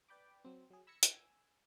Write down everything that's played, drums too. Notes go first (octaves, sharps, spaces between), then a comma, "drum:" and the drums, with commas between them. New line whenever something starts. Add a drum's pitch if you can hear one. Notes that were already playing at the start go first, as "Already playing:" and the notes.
B4 D5 G5 B5 D6
F#3 C4
F#3 G#4
B5 E6 G#6 A#6 C#7
G#5 E6, drum: hi-hat